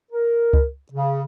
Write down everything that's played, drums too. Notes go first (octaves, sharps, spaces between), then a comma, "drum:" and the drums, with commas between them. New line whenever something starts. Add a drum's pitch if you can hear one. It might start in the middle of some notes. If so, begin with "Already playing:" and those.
A#4
drum: kick C#2
C#3